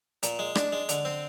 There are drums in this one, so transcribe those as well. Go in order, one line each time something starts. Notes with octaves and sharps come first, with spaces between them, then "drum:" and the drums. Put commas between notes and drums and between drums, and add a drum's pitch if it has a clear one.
A#2, drum: hi-hat
G#3
D4, drum: rim click
G#3
D3, drum: hi-hat
C4